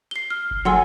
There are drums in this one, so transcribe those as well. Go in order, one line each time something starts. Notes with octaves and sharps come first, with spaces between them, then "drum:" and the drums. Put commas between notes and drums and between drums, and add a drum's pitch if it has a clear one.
C7 G7
F6
drum: kick F#1
F#3 A4 F#5 G#5 C6 E6